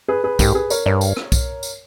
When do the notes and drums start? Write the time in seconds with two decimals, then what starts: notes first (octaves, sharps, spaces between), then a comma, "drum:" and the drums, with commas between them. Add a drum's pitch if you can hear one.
0.08 G#4 B4
0.24 G#4 B4
0.39 G#2 G4 A#4, drum: kick B1, tambourine
0.55 G#4 B4
0.70 A#4 C#5, drum: tambourine
0.86 G2 A#4 C#5
1.01 drum: tambourine
1.17 drum: rim click
1.32 drum: kick B1, tambourine
1.63 drum: tambourine